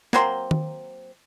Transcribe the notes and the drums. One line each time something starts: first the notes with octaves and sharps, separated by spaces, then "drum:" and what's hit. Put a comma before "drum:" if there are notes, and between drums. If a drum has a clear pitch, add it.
F#3 A#3 C4 C6, drum: snare
drum: tom D#3